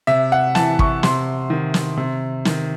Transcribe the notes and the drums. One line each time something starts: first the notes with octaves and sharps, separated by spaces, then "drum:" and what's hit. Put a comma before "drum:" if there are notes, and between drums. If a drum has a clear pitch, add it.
C3 E5
F#5
E3 A5, drum: snare
C#6, drum: kick
C3 C6, drum: snare
D#3
drum: snare
C3
D#3, drum: snare